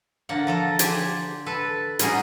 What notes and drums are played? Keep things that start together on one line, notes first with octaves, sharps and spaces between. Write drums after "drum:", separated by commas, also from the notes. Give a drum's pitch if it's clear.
D3 A#3 F#5
F3 A4 A#5
G4 C5 D5 G#5, drum: hi-hat
A4 B4
G3 C#4 D#4 F#4 G#4, drum: hi-hat